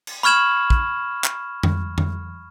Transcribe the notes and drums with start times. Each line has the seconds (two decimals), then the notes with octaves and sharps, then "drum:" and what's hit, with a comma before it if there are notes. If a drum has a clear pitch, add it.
0.07 drum: cymbal
0.23 B5 C#6 F6 G#6 E7 F#7
0.70 drum: kick
1.24 drum: clap
1.63 drum: tom F2
1.98 drum: tom F2